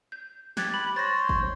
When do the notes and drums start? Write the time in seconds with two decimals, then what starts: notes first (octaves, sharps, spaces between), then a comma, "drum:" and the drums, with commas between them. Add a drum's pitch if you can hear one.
0.12 G6
0.57 G4 F#6 G#6 A6, drum: snare
0.74 B5
0.96 C5 C#5 A6 A#6
1.29 drum: kick